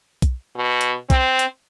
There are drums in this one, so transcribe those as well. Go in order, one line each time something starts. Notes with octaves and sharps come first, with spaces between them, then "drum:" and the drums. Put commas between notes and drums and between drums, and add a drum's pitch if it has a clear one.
drum: kick B1, hi-hat
B2
drum: hi-hat
C4, drum: kick B1, hi-hat
drum: hi-hat